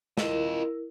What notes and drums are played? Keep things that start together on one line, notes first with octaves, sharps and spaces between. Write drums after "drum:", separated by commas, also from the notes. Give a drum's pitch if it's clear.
E4 F4 A#4 D#5, drum: snare